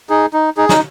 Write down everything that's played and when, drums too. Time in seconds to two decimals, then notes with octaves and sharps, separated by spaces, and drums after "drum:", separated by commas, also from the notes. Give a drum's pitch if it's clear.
0.10 D#4 G#4
0.33 D#4
0.57 D#4 G#4
0.69 D#4, drum: snare